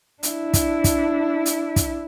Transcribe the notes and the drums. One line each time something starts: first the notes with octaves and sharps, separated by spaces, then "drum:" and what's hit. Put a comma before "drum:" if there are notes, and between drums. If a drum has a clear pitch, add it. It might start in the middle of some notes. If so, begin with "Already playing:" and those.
D4 E4, drum: hi-hat
drum: kick, hi-hat
drum: kick, hi-hat
drum: hi-hat
drum: kick, hi-hat